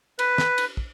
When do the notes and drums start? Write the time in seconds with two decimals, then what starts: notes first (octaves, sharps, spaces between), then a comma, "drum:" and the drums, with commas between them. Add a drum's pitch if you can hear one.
0.19 B4, drum: cymbal
0.38 drum: snare
0.58 drum: cymbal
0.77 drum: kick